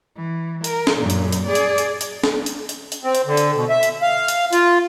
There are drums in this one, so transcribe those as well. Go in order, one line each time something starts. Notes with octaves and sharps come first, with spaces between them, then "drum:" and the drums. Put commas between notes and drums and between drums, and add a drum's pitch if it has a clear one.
E3
A#4, drum: hi-hat
drum: snare
F#2 A#2
drum: hi-hat
drum: hi-hat
G#4 D5
drum: hi-hat
drum: hi-hat
drum: hi-hat
drum: snare
drum: hi-hat
drum: hi-hat
drum: hi-hat
C4
drum: hi-hat
D3
drum: hi-hat
B2
E5
drum: hi-hat
F5
drum: hi-hat
F4, drum: hi-hat